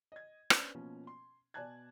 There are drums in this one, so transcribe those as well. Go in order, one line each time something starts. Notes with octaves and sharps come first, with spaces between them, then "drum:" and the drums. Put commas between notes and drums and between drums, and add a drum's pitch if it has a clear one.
D#5 G#6
C#4 D4 B4 C5, drum: rim click
B2 F3 A#3 C#4
C6
B2 D5 G#5 A5 F#6 G#6